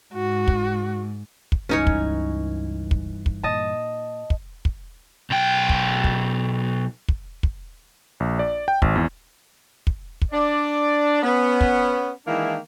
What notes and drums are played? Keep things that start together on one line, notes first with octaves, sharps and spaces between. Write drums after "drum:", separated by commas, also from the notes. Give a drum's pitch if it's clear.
G#2 F#4
drum: kick
drum: kick
C#2 G2 E3 C#4 D#4 C#5 G#5
drum: kick
drum: kick
drum: kick
A#2 D#5 A5
drum: kick
drum: kick
B1 G5
drum: kick
drum: kick
drum: kick
drum: kick
A#1
D5
G5
G#1, drum: kick
E2
drum: kick
drum: kick
D4 D5
B3 C#4
drum: kick
D#3 E3 G#3 A#3 D4 E4